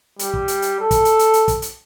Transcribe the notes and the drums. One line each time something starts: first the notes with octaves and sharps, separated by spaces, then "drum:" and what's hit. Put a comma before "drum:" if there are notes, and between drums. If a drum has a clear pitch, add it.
G3, drum: hi-hat
drum: kick
drum: hi-hat
drum: hi-hat
A4
drum: kick, hi-hat
drum: hi-hat
drum: hi-hat
drum: hi-hat
drum: kick, hi-hat
drum: hi-hat